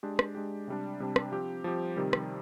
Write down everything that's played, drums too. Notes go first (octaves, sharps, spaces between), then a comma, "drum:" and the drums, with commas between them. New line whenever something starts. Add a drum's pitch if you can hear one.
G#3 D4 G4
drum: rim click
G#3 D4 G4
C3 G3 D4
C3 G3 D4
drum: rim click
F3 C4 G4
F3 C4 G4
C3 D#3 G3
drum: rim click